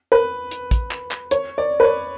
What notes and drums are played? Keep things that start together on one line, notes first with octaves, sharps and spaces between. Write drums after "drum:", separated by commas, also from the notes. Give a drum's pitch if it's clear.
B4
drum: hi-hat
drum: kick, hi-hat
drum: clap
drum: clap
C#5, drum: hi-hat
D5
B4
C#5